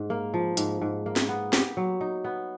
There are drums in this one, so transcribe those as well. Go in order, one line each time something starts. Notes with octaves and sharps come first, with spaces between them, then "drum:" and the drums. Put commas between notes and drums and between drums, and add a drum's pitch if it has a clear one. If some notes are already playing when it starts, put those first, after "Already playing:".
Already playing: G#2
A#3
F3
G#2, drum: hi-hat
G#2
A#3
drum: snare
B3
G4, drum: snare
F#3
D#4
B3